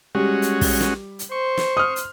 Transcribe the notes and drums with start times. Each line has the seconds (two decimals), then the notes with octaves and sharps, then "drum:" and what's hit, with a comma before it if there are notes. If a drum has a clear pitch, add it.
0.15 G3 G#3 C#4 F#4
0.42 drum: hi-hat
0.61 drum: kick, open hi-hat
0.80 drum: snare
1.19 drum: hi-hat
1.32 C5 C#6
1.57 drum: snare
1.77 D#6 F6
1.96 drum: hi-hat